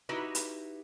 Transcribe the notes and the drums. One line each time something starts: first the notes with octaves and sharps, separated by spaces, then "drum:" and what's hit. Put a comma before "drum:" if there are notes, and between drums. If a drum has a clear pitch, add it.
D#4 E4 F#4 G4 B4
drum: hi-hat